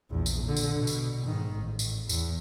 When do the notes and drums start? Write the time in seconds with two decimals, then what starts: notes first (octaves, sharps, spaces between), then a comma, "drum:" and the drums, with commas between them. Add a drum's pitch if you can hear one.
0.11 A#1 E2
0.26 drum: tambourine
0.43 A#2 D3
0.57 drum: tambourine
0.76 B2
0.87 drum: tambourine
1.25 G#2 D#3
1.57 A1
1.79 drum: tambourine
2.09 E2, drum: tambourine